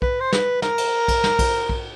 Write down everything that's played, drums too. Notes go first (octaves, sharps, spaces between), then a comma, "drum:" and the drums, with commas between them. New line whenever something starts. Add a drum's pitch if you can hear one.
B4, drum: kick B1
C5
B4, drum: snare
A#4, drum: snare
drum: cymbal
drum: kick B1, cymbal
drum: snare
drum: kick B1, cymbal
drum: kick B1